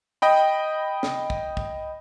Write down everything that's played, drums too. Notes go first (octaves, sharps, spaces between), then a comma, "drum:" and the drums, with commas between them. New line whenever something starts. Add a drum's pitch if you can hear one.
D#5 G5 B5
drum: snare
drum: kick
drum: kick